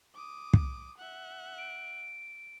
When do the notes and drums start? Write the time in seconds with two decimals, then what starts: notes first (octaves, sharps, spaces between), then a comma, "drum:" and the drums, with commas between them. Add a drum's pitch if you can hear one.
0.14 D6 D#6
0.53 drum: kick
0.98 E5 F#5
1.58 D7